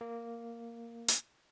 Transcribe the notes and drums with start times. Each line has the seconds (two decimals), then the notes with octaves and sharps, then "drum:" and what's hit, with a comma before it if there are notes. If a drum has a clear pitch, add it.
0.01 A#3
1.08 drum: hi-hat